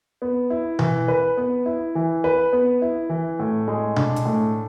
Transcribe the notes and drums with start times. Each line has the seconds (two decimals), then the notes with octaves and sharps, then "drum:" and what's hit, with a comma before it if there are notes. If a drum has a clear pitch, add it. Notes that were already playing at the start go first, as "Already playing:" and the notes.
0.22 B3
0.50 E4
0.79 E3, drum: tom B2
1.08 B4
1.37 B3
1.66 E4
1.95 E3
2.24 B4
2.53 B3
2.82 E4
3.09 E3
3.39 A2
3.68 G#3
3.96 D4, drum: tom B2
4.16 drum: hi-hat
4.25 A2